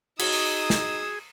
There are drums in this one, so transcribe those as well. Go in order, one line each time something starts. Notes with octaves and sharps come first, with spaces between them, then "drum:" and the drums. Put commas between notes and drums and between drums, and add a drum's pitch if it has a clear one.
D#4 F#4 G#4 C#5 D#6 E6, drum: cymbal
drum: open hi-hat
drum: snare